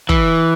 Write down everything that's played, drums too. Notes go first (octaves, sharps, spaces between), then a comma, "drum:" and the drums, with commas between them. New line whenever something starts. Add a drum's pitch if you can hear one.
E3, drum: kick